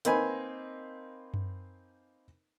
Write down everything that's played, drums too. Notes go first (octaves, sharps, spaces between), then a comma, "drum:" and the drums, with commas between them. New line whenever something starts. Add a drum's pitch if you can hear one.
A#3 C4 D#4 B4 G#5, drum: hi-hat
drum: tom F#2